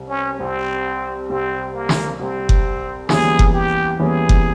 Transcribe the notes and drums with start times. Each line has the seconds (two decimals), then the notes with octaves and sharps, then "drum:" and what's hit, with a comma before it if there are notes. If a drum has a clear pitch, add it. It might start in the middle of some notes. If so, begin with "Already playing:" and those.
Already playing: C2 C3 G3
0.09 C#4
0.39 C2 C3 G3 C4
1.29 C2 C3 G3 C4
1.74 A#3
1.89 drum: snare
2.19 C2 C3 G3 C4
2.49 drum: kick F#1
3.09 E2 E3 G3 A#3 C#4 G#4, drum: snare
3.39 drum: kick F#1
3.54 G4
3.99 E2 E3 G3 A#3 C#4 G#4
4.29 drum: kick F#1